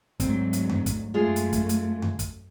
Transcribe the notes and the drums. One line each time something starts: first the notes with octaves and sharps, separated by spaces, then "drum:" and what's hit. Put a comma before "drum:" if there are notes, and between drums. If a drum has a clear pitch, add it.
D2 G#2 F#3 C4, drum: kick, hi-hat
drum: hi-hat
drum: tom F2
drum: kick, hi-hat
F#2 G#3 A3 F4 G#4
drum: hi-hat
drum: kick, hi-hat
drum: hi-hat
drum: tom F2
drum: kick, hi-hat